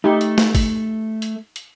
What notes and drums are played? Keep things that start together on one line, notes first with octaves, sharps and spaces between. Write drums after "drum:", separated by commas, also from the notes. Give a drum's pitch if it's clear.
A3 D#4 G4
drum: hi-hat
drum: snare
drum: kick, open hi-hat
drum: hi-hat
drum: hi-hat